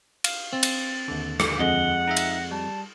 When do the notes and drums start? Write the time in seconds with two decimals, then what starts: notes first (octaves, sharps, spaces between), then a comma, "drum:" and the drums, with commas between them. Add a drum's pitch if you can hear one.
0.24 F5, drum: cymbal
0.53 C4 A6
0.63 drum: cymbal
1.08 D#2 D3
1.40 drum: rim click
1.59 F2 G#3 D#5 F#5 G7
2.07 D#4 G#4 E5 A#6
2.17 drum: cymbal
2.51 G3 A5